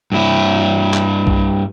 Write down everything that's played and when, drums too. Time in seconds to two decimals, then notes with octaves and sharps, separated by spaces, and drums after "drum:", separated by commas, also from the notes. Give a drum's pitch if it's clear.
0.12 G2 E4
0.94 drum: clap
1.27 drum: kick B1